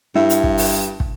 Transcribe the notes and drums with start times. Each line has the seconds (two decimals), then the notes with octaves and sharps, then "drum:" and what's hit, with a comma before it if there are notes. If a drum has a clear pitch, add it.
0.15 G2 E4
0.30 drum: hi-hat
0.44 drum: kick
0.58 drum: open hi-hat
1.00 drum: kick